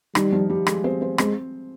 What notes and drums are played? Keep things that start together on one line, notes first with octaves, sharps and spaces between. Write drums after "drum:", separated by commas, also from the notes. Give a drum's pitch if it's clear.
D#3 G3 D#4, drum: rim click
F3 F4
G3 G4
G#3 G#4, drum: rim click
C4 C5
C4 C5
G#3 C4 C5, drum: rim click